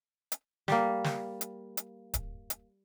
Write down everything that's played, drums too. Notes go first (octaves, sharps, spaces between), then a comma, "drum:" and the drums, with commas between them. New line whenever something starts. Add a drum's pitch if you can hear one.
drum: hi-hat
G3 A#3, drum: snare
drum: snare
drum: hi-hat
drum: hi-hat
drum: kick D1, hi-hat
drum: hi-hat